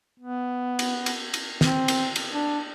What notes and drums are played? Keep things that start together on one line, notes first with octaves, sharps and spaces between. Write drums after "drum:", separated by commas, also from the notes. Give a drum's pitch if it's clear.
B3
drum: cymbal
drum: cymbal
drum: cymbal
C4, drum: snare
drum: cymbal
drum: cymbal
D4